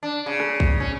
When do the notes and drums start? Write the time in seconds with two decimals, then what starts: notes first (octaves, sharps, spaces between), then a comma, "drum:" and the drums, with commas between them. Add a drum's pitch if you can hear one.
0.03 D4
0.26 C#3
0.40 drum: rim click
0.60 drum: kick A#1
0.80 C#4